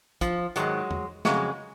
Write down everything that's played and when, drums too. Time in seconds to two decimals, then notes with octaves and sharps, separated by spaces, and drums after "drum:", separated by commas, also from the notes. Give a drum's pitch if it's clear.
0.21 F3, drum: kick, hi-hat
0.56 G#2 D#3 F#3 G#3, drum: hi-hat
0.91 drum: tom
1.25 F2 C#3 F#3 G#3, drum: snare